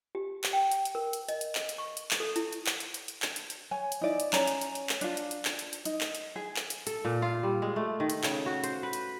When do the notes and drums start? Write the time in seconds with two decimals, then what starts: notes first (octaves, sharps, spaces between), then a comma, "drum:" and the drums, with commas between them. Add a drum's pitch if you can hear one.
0.15 G4
0.44 drum: clap
0.53 G5
0.71 drum: hi-hat
0.85 drum: hi-hat
0.95 A#4
1.13 drum: hi-hat
1.29 D#5, drum: hi-hat
1.41 drum: hi-hat
1.55 drum: clap
1.69 drum: hi-hat
1.78 C#6
1.97 drum: hi-hat
2.11 drum: clap
2.20 A4
2.36 E4, drum: hi-hat
2.53 drum: hi-hat
2.66 drum: clap
2.80 drum: hi-hat
2.94 drum: hi-hat
3.08 drum: hi-hat
3.22 drum: clap
3.36 drum: hi-hat
3.50 drum: hi-hat
3.71 C#5 G#5
3.92 drum: hi-hat
4.01 D#4 E4 D5
4.20 drum: hi-hat
4.33 C#4 G#5 A#5, drum: clap
4.47 drum: hi-hat
4.61 drum: hi-hat
4.75 drum: hi-hat
4.89 drum: clap
5.01 D4 F4, drum: hi-hat
5.17 drum: hi-hat
5.31 drum: hi-hat
5.45 drum: clap
5.59 drum: hi-hat
5.73 drum: hi-hat
5.85 D#4, drum: hi-hat
6.01 drum: clap
6.15 drum: hi-hat
6.36 G#4
6.56 drum: clap
6.70 drum: hi-hat
6.87 A4, drum: hi-hat
7.05 A#2
7.22 F4
7.43 G3
7.62 G#3
7.76 A3
8.00 D#3
8.10 drum: hi-hat
8.23 C#3, drum: clap
8.46 F#4
8.64 C5, drum: hi-hat
8.83 B4
8.93 drum: hi-hat